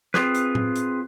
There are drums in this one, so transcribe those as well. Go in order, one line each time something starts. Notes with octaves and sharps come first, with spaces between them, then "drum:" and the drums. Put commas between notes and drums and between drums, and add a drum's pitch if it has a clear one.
C4 F4 G#4 B4, drum: snare
drum: hi-hat
drum: tom A2
drum: hi-hat